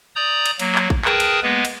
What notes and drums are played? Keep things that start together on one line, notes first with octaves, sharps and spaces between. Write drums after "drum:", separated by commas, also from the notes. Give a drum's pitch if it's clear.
D5 A#5 D#6 G6
drum: cymbal
F#3 A#3, drum: cymbal
drum: clap
drum: kick
G#4 A#4 B4 G5 A5 D#6, drum: clap
drum: cymbal
G#3 A#3 B3 B4
drum: cymbal